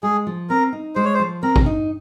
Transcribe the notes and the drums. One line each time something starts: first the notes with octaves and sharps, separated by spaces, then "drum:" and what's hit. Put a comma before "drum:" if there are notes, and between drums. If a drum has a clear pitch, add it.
G#3 G#4
F3
C4 A#4
D#4
G#3 C5
C#5
C5
F3
C4 A#4
drum: kick G#1
D#4